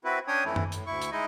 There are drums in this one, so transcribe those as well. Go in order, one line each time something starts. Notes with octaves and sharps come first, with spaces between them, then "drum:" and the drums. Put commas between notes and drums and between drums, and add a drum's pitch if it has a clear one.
C4 E4 F#4 B4
C#4 D4 C#5 G5 G#5 D#6
F2 E3 A3 E4
drum: tom F#2
A2, drum: hi-hat
D2 E4 C#6
drum: hi-hat
G#3 D#4 E4 D#5